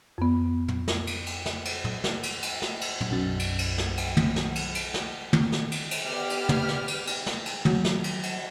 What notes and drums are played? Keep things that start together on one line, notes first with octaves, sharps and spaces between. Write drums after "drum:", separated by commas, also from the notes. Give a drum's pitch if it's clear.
F2 B3
drum: tom
drum: snare
drum: cymbal
drum: cymbal
drum: snare
drum: cymbal
drum: tom
drum: snare
drum: cymbal
drum: cymbal
drum: snare
drum: cymbal
drum: tom
B1 F#2 A6
drum: cymbal
drum: cymbal
drum: snare
drum: cymbal
drum: tom
drum: snare
drum: cymbal
drum: cymbal
drum: snare
drum: tom
drum: snare
drum: cymbal
drum: cymbal
B3 G4 D5 F6
drum: cymbal
drum: tom
drum: snare
drum: cymbal
drum: cymbal
drum: snare
drum: cymbal
F#3, drum: tom
drum: snare
drum: cymbal
drum: cymbal